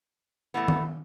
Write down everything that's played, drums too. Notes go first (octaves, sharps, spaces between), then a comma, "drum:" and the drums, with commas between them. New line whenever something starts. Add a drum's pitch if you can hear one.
A2 E3 A3 B3
drum: tom D#3